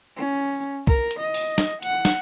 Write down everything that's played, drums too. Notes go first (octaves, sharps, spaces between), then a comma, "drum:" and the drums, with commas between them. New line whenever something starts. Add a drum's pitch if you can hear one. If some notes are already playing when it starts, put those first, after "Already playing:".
C#4
A#4, drum: kick C2
drum: hi-hat
D#5
drum: open hi-hat
drum: snare
F#5, drum: hi-hat
drum: snare